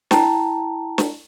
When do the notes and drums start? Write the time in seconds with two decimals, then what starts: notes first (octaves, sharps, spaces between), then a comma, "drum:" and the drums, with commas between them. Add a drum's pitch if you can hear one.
0.11 E4 G5 A5 A#5, drum: snare
0.98 drum: snare